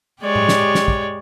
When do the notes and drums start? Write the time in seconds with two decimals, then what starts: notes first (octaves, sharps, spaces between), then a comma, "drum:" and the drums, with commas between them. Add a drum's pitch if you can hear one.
0.22 G#3 G4 C#5 D5
0.35 drum: tom A2
0.49 drum: snare
0.75 drum: snare
0.88 drum: kick